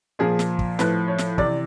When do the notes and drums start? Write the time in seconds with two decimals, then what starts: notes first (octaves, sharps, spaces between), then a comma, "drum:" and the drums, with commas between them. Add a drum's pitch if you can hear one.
0.19 A#2 F3 G#4
0.39 drum: snare
0.59 drum: kick
0.79 A2 F3 B4, drum: snare
1.08 C#5
1.18 drum: snare
1.38 C3 E3 D5, drum: kick